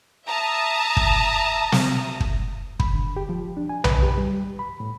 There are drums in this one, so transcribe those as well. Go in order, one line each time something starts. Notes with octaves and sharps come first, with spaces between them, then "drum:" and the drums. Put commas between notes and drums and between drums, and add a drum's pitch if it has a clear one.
E5 A5 A#5 D#6
drum: kick
drum: snare
drum: kick
B5, drum: kick
D3
G4
F3
D4
G#5
B4, drum: tom B1
G4
G3
G2
B5
A2